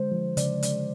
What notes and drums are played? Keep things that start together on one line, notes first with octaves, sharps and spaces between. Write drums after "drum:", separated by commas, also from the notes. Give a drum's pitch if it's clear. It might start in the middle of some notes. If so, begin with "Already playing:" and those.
Already playing: D3 G#3 C5
F3
C#3 D5, drum: hi-hat
C#3, drum: hi-hat